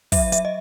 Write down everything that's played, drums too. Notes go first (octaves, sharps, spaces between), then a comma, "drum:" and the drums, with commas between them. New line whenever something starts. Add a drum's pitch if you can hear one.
F#3 E5, drum: kick, open hi-hat
F#3 E5, drum: hi-hat
D#5